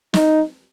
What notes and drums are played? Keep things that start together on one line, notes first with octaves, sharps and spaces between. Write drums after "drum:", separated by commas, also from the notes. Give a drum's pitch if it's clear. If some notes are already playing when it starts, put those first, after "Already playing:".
D#4, drum: snare